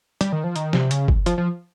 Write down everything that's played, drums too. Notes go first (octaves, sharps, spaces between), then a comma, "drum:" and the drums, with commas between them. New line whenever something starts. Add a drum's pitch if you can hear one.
G3, drum: hi-hat
D#3
F3
D#3, drum: hi-hat
C3, drum: snare
C#3, drum: hi-hat
drum: kick
F3, drum: hi-hat
F3